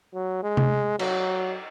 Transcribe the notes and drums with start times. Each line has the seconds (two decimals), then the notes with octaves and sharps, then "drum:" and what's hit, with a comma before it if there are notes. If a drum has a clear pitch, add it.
0.14 F#3
0.43 G#3
0.57 drum: tom C3
0.99 F#3, drum: cymbal